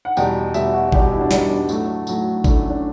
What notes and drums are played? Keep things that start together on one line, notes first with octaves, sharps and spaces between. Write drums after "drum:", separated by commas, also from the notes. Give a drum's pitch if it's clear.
F#5
E2 B2 G3 G5, drum: tambourine
E2 B2 G3 E5, drum: tambourine
F#4
F#4
E2 B2 G3 G4, drum: kick G#1
F#4
E4
D4
E2 B2 G3 D4, drum: snare
D4
A2 F#3 A3, drum: tambourine
A2 F#3 A3, drum: tambourine
A2 F#3 A3 D4, drum: kick G#1, tambourine
C#4
D4